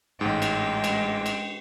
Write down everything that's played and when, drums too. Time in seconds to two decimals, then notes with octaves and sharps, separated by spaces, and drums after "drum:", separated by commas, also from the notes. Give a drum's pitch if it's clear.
0.21 A1 G#2 G#3 G5
0.42 drum: cymbal
0.84 drum: cymbal
1.26 drum: cymbal